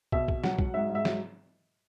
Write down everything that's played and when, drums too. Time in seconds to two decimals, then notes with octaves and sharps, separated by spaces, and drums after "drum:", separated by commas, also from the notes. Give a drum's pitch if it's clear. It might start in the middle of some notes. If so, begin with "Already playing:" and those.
0.12 B2 E5, drum: kick
0.28 B2, drum: kick
0.44 F#3 F#5, drum: snare
0.59 F#3, drum: kick
0.74 G#2 E5
0.89 G#2
0.95 E5
1.05 F#3, drum: snare